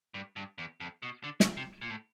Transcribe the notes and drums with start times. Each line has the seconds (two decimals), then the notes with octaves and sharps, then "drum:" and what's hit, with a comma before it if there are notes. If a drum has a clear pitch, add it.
0.14 G2
0.36 G2
0.58 E2
0.80 F2
1.02 B2
1.24 D3
1.40 C#3, drum: snare
1.57 C3
1.82 A#2
1.90 A2